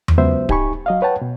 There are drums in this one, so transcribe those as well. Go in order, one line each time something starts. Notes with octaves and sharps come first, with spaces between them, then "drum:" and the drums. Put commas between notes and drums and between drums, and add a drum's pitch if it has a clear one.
drum: tom E2
C#2 F#3 B3 C5 E5
D#4 G4 G#5 B5 C#6, drum: kick D1
F#3 D#5 F5
B4 C#5 F#5 G5 A5
B2